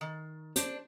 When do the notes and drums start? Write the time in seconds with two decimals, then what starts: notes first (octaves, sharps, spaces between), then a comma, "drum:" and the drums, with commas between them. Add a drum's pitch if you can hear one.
0.01 D#3
0.56 D4 C5, drum: hi-hat